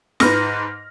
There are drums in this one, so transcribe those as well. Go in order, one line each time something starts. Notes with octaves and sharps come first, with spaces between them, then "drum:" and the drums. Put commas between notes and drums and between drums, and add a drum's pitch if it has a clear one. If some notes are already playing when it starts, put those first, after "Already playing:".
G#2 B4 F6 A#6, drum: snare